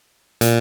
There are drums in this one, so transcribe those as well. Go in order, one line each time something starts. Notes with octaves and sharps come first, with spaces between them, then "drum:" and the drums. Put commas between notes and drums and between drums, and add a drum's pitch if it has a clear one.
A#2, drum: hi-hat